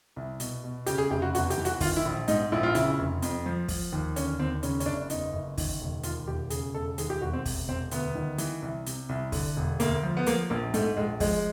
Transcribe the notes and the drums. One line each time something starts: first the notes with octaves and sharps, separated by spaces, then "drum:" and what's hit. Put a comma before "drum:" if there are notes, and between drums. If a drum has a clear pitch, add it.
C2
B2, drum: hi-hat
B2
C#3 G4, drum: hi-hat
G#4
F1 G4
F#4
E2 F#4, drum: hi-hat
G4, drum: hi-hat
E3
F#4, drum: hi-hat
D#3 F4, drum: kick, open hi-hat
E4
A#1
G#2 D#4, drum: hi-hat
A#1 E4
F4
C#3 E4, drum: hi-hat
F1
F2, drum: hi-hat
F3
F3, drum: kick, open hi-hat
D#2
D3 C#4, drum: hi-hat
D#2 C4
C#3 C#4, drum: hi-hat
C#4, drum: hi-hat
F#1 D4
E2 D#4, drum: hi-hat
F#1
D#3, drum: kick, open hi-hat
E1
D#2 F4, drum: hi-hat
E1 G4
C#3 G#4, drum: hi-hat
E1 A4
D#2 G#4, drum: hi-hat
G4
E1 F#4
C4
C3, drum: kick, open hi-hat
E1 C4
D2 B3, drum: hi-hat
D#3
E3, drum: hi-hat
C2
C3, drum: hi-hat
C2
D3, drum: kick, open hi-hat
E1
D2 A#3, drum: hi-hat
F3
B3
F3 A#3, drum: hi-hat
A#1 A#3
G#2 A3, drum: hi-hat
A#1 G#3
F3 G#3, drum: kick, open hi-hat